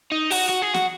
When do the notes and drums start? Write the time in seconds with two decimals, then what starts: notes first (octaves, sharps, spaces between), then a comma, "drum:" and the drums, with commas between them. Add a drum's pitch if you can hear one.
0.12 D#4
0.31 F#4, drum: open hi-hat
0.49 F#4
0.62 G#4
0.74 F#4, drum: snare